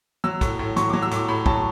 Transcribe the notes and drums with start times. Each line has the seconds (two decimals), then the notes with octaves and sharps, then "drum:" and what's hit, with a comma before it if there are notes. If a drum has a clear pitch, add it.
0.24 F#3 E6
0.41 A2, drum: kick, hi-hat
0.59 A2
0.76 F#3 C#6, drum: hi-hat
0.89 D6
0.93 F#3
1.02 E6
1.11 A2 D6, drum: hi-hat
1.28 A2 B5
1.46 F#3 A5, drum: kick